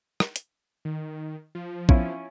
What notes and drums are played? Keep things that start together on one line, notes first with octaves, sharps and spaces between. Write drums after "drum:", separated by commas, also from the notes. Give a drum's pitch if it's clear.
drum: rim click
drum: hi-hat
D#3
F3
C#4 E4 F4, drum: kick